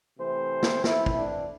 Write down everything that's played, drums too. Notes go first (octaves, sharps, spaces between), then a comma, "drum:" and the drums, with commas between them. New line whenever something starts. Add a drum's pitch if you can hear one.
C3 E3 A3 C4 C5
drum: snare
E3 A3 C4 E4, drum: snare
drum: kick
D4